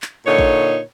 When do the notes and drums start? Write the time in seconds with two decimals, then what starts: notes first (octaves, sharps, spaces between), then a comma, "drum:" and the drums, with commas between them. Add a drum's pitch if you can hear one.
0.02 drum: clap
0.27 A#2 D3 D#4 C#5
0.39 drum: kick